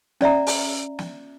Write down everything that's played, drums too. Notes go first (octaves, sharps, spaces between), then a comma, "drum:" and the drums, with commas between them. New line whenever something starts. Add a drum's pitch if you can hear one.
C#4 D5 E5 A#5, drum: snare
drum: open hi-hat
drum: snare